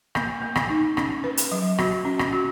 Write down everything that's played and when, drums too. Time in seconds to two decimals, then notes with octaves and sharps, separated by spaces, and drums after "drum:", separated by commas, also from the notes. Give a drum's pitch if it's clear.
0.15 A#3, drum: rim click
0.41 A#3
0.56 drum: rim click
0.69 D#4
0.97 C#4, drum: rim click
1.24 B4
1.37 drum: hi-hat
1.52 F#3
1.78 F#4, drum: rim click
2.05 C#4
2.19 drum: rim click
2.33 F#4